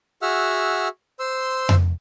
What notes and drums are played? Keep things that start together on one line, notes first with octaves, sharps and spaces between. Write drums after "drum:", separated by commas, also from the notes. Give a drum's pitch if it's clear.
F#4 G#4 E5 F#5 E6 F6
C5 C6 E6
drum: tom F2